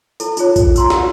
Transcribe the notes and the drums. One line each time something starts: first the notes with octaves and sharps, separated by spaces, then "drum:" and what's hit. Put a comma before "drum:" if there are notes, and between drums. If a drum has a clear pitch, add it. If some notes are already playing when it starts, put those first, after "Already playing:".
E4 A4, drum: tambourine
D#4 F4 G#4 C#5, drum: tambourine
drum: kick, tambourine
A#5 C6 E6, drum: tambourine
E6, drum: snare